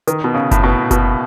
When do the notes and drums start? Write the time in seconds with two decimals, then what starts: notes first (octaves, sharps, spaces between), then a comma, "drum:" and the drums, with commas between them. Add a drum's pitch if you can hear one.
0.07 D#3, drum: hi-hat
0.24 B2
0.34 C#3
0.51 A2, drum: kick F#1, hi-hat
0.63 B2
0.91 B2, drum: kick F#1, hi-hat